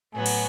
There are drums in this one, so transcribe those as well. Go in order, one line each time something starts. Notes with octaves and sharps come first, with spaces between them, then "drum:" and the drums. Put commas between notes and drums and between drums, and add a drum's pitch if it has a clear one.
A2 F#3 B3 F#4 G#5
drum: cymbal